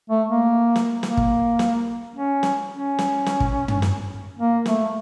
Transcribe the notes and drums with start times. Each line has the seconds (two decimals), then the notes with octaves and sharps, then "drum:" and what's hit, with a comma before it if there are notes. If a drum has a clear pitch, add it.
0.10 A3
0.29 A#3
0.76 drum: snare
1.03 A#3, drum: snare
1.17 drum: kick
1.59 drum: snare
2.15 C#4
2.43 drum: snare
2.71 C#4
2.99 drum: snare
3.26 drum: snare
3.40 drum: kick
3.68 drum: tom
3.82 drum: snare
4.38 A#3
4.66 A3, drum: snare